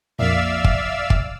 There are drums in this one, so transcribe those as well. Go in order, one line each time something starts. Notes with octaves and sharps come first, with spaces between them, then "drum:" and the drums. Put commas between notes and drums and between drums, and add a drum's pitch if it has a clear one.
A#1 F2 A#2 D5 E5 F5 E6
drum: kick
drum: kick